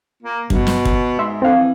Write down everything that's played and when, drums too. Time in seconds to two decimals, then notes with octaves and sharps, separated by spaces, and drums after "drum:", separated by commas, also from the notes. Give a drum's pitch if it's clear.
0.22 A#3
0.50 G2 B2, drum: kick
0.67 drum: snare
0.85 drum: kick
1.19 G#2 E5 C6
1.42 D3 C4 F5
1.55 E3